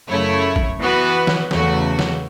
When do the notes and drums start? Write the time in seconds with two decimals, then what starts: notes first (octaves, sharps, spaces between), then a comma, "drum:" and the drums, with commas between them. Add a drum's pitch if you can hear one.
0.08 F#2 C#3 A3 E4 C#5
0.56 drum: kick
0.80 E3 B3 F#4 B4
1.27 drum: snare
1.51 E2 C#3 A3 F#4, drum: snare
1.99 drum: snare